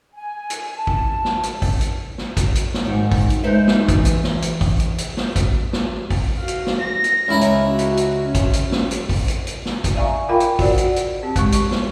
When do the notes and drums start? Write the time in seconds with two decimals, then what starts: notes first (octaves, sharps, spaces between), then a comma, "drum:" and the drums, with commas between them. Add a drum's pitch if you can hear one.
0.14 G#5
0.50 drum: hi-hat
0.75 A5
0.87 drum: kick
1.25 drum: snare
1.43 drum: hi-hat
1.62 drum: kick, open hi-hat
1.81 drum: hi-hat
2.18 drum: snare
2.37 drum: kick, hi-hat
2.55 drum: hi-hat
2.74 drum: snare
2.86 G#2 D#3
3.12 drum: kick, open hi-hat
3.30 drum: hi-hat
3.43 G#3 D#4 B4 C5 E5
3.68 drum: snare
3.89 E3, drum: kick, hi-hat
4.05 drum: hi-hat
4.24 drum: snare
4.42 drum: hi-hat
4.61 drum: kick, open hi-hat
4.80 drum: hi-hat
4.98 drum: hi-hat
5.17 drum: snare
5.36 drum: kick, hi-hat
5.73 drum: snare
6.10 drum: kick, open hi-hat
6.39 F#4 F5
6.48 drum: hi-hat
6.67 drum: snare
6.80 A#6
7.04 drum: hi-hat
7.28 C#2 C#4 E4 A#5
7.41 drum: hi-hat
7.68 F#4
7.79 drum: hi-hat
7.97 drum: hi-hat
8.25 C#4
8.35 drum: kick, hi-hat
8.53 drum: hi-hat
8.72 drum: snare
8.91 drum: hi-hat
9.09 drum: kick, open hi-hat
9.28 drum: hi-hat
9.47 drum: hi-hat
9.65 drum: snare
9.84 drum: kick, hi-hat
9.95 D5 E5 F5 G#5 A#5 C#6
10.29 F4 A#4 F5 G5 B5
10.40 drum: hi-hat
10.59 F#4 C5 D5 F#5, drum: kick, open hi-hat
10.78 drum: hi-hat
10.96 drum: hi-hat
11.23 C4 G4 A5
11.36 G#3 C#6, drum: kick, hi-hat
11.52 drum: hi-hat
11.71 drum: snare